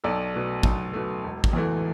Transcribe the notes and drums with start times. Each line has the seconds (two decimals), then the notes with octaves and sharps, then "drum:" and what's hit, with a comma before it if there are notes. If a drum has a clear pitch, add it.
0.04 B1 A4 D5
0.34 B2 A3
0.63 B1, drum: kick
0.93 B2 A3
1.24 E1
1.44 drum: kick
1.53 E2 E3 A3